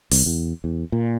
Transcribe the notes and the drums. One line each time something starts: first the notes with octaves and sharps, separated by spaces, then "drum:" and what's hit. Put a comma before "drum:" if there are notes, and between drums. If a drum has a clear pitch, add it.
C2, drum: open hi-hat
E2
E2
A#2